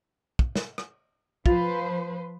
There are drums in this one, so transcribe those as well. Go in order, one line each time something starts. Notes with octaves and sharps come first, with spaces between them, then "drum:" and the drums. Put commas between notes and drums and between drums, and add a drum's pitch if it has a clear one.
drum: kick
drum: snare
drum: rim click
F3 F4 B4 C5, drum: kick